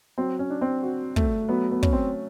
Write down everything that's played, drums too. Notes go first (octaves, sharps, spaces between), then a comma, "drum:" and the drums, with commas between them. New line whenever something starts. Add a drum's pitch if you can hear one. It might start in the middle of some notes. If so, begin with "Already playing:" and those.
F#3 C4
C#4
D4
C4
F#4
A3, drum: kick
F#3 B3
B3
C#4, drum: kick
C4